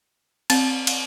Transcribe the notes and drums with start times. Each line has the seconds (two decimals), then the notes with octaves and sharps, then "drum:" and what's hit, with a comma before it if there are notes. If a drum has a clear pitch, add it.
0.50 C4, drum: cymbal
0.87 drum: cymbal